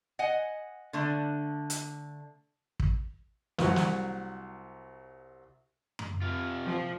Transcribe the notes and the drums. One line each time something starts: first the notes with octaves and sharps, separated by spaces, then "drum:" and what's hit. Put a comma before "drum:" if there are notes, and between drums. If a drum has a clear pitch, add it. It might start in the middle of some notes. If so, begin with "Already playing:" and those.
D#5 F#5 G#5
D3 A3 D4
drum: hi-hat
drum: kick
C2 F#3, drum: snare
drum: snare
drum: tom F#2
C3 F4
F3